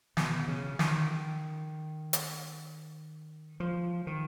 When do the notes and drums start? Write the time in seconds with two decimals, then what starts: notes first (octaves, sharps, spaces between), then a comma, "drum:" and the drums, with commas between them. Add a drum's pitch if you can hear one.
0.17 B2, drum: snare
0.48 C#3
0.79 D#3, drum: snare
2.13 drum: hi-hat
3.60 F3
4.07 D#3